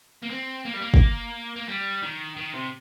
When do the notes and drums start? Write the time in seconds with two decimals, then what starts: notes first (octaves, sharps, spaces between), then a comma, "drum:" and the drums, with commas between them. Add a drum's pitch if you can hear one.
0.22 A#3
0.30 C4
0.65 A#3
0.74 G3
0.82 A#3
0.94 drum: kick
1.56 A#3
1.69 G3
2.03 D#3
2.37 D#3
2.54 C3